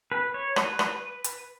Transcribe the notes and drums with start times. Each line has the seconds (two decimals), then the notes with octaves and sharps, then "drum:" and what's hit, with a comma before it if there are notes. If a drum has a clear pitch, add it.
0.12 B4
0.34 C#5
0.56 B4, drum: rim click
0.79 drum: rim click
1.24 drum: hi-hat